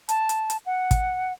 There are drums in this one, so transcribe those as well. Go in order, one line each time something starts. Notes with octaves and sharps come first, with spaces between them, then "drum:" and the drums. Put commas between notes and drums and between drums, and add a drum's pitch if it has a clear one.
A5, drum: hi-hat
drum: hi-hat
drum: hi-hat
F#5
drum: kick, hi-hat